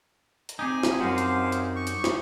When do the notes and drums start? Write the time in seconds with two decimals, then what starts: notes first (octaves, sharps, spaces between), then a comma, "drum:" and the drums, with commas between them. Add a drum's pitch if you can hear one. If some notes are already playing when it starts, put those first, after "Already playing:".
0.49 drum: hi-hat
0.59 C4 D#4 G4 G#4 G#5
0.83 drum: snare
1.01 F#2 F#4 C5 F5
1.18 drum: hi-hat
1.52 drum: hi-hat
1.76 C#6
1.87 drum: hi-hat
2.04 drum: snare